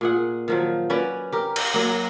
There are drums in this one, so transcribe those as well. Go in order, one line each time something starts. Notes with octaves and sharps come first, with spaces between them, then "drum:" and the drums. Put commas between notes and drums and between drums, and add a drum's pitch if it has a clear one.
A#2 G#4 F#5
D#3 F3 F#3
C#4 F#4 B4 D5
G4 A#4
drum: cymbal
F#3 A#3